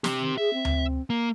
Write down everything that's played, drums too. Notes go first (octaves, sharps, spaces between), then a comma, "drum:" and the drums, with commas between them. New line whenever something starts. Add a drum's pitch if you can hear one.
C4 G4, drum: snare
D#3
G#4 E5
C4
drum: tom D2
A#3